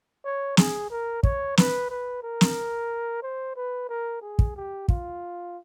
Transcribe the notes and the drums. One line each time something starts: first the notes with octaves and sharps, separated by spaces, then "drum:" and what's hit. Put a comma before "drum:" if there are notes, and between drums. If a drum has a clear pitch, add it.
C#5
G#4, drum: snare
A#4
C#5, drum: kick
B4, drum: snare
B4
A#4
drum: snare
C5
B4
A#4
G#4
drum: kick
G4
F4, drum: kick